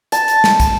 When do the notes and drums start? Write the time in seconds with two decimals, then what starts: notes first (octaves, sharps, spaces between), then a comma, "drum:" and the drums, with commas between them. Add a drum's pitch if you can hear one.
0.12 A5, drum: hi-hat
0.28 drum: hi-hat
0.44 drum: snare
0.60 drum: kick, hi-hat